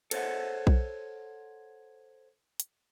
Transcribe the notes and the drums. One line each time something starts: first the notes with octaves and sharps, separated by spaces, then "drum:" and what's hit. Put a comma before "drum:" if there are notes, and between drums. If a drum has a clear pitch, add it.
A4 C5 C#5 F#5, drum: cymbal
drum: kick B1
drum: hi-hat